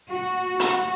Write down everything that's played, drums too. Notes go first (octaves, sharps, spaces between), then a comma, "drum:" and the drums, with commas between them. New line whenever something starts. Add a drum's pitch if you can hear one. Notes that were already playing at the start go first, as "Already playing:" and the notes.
F#4
F#4, drum: hi-hat